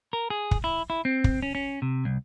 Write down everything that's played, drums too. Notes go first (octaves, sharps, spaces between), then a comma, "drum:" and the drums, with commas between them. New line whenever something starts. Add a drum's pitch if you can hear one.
A#4
G#4
drum: kick
E4
E4
C4
drum: kick
C#4
C#4
C3
C2